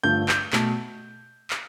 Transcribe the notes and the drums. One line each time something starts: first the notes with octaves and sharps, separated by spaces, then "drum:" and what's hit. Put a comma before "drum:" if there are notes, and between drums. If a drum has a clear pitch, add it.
G2 D3 F3 A3 G6
G6, drum: clap
B2 A3, drum: clap
drum: clap